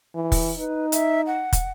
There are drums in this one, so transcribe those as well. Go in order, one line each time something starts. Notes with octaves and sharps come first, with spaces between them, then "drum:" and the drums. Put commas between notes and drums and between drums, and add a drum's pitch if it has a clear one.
E3
drum: kick, open hi-hat
D#4 B4
E5, drum: hi-hat
F#5
drum: kick, hi-hat